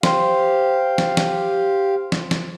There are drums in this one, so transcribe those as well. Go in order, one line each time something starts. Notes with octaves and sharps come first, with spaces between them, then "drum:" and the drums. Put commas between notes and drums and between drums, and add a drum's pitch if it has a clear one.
G4 C5 F5 E6, drum: snare
drum: snare
drum: snare
drum: snare
drum: snare